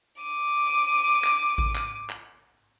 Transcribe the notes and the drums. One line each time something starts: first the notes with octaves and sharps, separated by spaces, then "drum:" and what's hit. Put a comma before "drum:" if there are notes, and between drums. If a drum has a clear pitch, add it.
D6 D#7
drum: clap
drum: kick A1
drum: clap
drum: clap